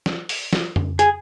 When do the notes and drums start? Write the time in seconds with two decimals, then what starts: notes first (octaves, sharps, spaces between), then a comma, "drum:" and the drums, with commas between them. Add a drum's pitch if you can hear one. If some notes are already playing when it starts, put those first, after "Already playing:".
0.06 drum: snare
0.29 drum: open hi-hat
0.53 drum: snare
0.76 drum: tom F2
0.99 G#4, drum: hi-hat